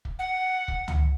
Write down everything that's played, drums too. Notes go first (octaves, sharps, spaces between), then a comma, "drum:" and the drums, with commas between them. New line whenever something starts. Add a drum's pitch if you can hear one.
drum: kick
F#5
drum: kick
drum: tom C#2